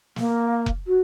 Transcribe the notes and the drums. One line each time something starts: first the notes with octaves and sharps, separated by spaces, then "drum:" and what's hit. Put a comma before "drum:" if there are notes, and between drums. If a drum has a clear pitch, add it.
A#3, drum: snare
drum: kick F1
F#4